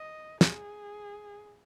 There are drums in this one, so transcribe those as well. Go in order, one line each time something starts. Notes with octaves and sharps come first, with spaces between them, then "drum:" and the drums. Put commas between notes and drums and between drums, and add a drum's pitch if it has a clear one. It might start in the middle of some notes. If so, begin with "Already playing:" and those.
Already playing: D#5
G#4, drum: snare